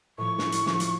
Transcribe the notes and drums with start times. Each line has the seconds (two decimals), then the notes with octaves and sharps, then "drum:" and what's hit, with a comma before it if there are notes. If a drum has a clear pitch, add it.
0.18 A2 F3 C#6
0.38 drum: snare
0.52 drum: hi-hat
0.66 F3, drum: snare
0.80 drum: hi-hat